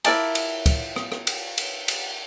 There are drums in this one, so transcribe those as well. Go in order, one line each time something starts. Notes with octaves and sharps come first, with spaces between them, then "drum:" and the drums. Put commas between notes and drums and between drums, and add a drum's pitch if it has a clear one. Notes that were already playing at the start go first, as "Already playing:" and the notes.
E4 A#4 D5 A5, drum: cymbal
drum: cymbal
drum: kick, cymbal
drum: rim click
drum: rim click
drum: cymbal
drum: cymbal
drum: cymbal